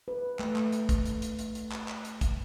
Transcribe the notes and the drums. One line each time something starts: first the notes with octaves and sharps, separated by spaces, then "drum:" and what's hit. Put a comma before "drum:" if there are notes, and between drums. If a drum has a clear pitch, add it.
B4
A3, drum: clap
drum: clap
drum: hi-hat
drum: kick, hi-hat
drum: hi-hat
drum: hi-hat
drum: hi-hat
drum: hi-hat
drum: clap
drum: clap
drum: hi-hat
drum: kick, hi-hat